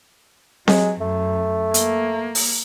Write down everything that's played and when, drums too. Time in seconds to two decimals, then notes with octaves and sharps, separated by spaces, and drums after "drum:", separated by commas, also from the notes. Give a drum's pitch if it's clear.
0.68 F#3 G#3, drum: snare C4
1.01 F#2 A3
1.74 A#3, drum: hi-hat
2.35 drum: open hi-hat